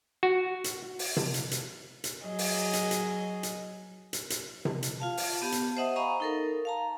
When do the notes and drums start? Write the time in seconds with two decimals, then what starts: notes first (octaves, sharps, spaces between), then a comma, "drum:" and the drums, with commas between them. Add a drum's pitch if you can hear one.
0.23 F#4
0.64 drum: hi-hat
0.99 drum: open hi-hat
1.17 drum: tom C3
1.34 drum: hi-hat
1.51 drum: hi-hat
2.04 drum: hi-hat
2.22 F#3 G#4 D#5
2.39 drum: open hi-hat
2.73 drum: hi-hat
2.91 drum: hi-hat
3.43 drum: hi-hat
4.13 drum: hi-hat
4.30 drum: hi-hat
4.65 drum: tom C3
4.83 drum: hi-hat
5.00 F4 F5 A5
5.17 drum: open hi-hat
5.42 B3 G4 A5
5.52 drum: hi-hat
5.77 C5 D#5 E5 F#5 D#6
5.96 D#5 F5 G#5 A#5 B5 C#6
6.20 D#4 A4 A#4
6.65 F5 A5 A#5